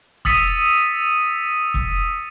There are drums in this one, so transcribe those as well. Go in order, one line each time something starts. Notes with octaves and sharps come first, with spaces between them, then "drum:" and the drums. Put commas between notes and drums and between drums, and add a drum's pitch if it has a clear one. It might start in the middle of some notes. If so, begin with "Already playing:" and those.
D#6 E6 A6 B6 C#7 D#7, drum: kick
drum: kick